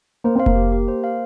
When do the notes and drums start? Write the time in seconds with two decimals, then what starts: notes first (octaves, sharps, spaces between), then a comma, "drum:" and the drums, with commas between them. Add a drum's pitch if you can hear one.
0.24 A#3 C5
0.36 C4 F5
0.46 A#3, drum: kick F1
0.55 G4
0.72 G4
0.88 C5
1.04 F5